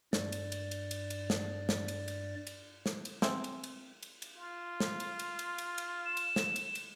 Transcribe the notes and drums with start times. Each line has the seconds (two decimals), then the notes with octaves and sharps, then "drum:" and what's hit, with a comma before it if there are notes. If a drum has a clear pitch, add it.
0.13 G2 D5, drum: snare
0.32 drum: cymbal
0.52 drum: cymbal
0.71 drum: cymbal
0.91 drum: cymbal
1.10 drum: cymbal
1.30 drum: snare
1.69 drum: snare
1.88 drum: cymbal
2.08 drum: cymbal
2.47 drum: cymbal
2.86 drum: snare
3.05 drum: cymbal
3.22 C4 G#4 E5, drum: snare
3.44 drum: cymbal
3.64 drum: cymbal
4.03 drum: cymbal
4.22 drum: cymbal
4.37 F4
4.80 drum: snare
5.00 drum: cymbal
5.19 drum: cymbal
5.39 drum: cymbal
5.58 drum: cymbal
5.78 drum: cymbal
6.05 E7
6.17 drum: cymbal
6.36 drum: snare
6.56 drum: cymbal
6.75 drum: cymbal